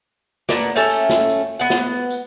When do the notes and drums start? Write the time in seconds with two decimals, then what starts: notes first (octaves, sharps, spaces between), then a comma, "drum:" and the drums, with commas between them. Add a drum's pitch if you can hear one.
0.49 A#3 B3 D4, drum: snare
0.76 A3 C#4 A4 G5
0.89 drum: tambourine
1.09 drum: snare
1.30 drum: tambourine
1.59 B3 F#5
1.70 drum: snare
2.10 drum: tambourine